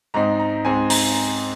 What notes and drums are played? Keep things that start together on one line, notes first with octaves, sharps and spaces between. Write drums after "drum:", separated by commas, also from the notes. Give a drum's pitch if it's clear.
G#2 G#3 C4 D#4 A#5
A#5
G#2 G#3 C4 D#4 G#5
A#5, drum: open hi-hat